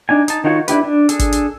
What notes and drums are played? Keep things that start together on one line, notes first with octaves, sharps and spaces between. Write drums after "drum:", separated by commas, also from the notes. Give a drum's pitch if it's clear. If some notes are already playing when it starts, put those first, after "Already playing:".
D4 D#4 G#5
D#4 A5, drum: hi-hat
D#3 D#4 F4 F#4 C#5
D4 E4 G4 B4, drum: hi-hat
D4
D4 G#4 A4, drum: hi-hat
drum: kick G1, hi-hat
drum: hi-hat